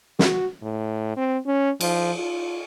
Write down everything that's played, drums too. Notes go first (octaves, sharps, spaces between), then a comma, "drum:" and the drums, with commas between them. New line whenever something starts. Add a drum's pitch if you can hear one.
F#4, drum: snare
A2
C4
C#4
F3, drum: cymbal
F4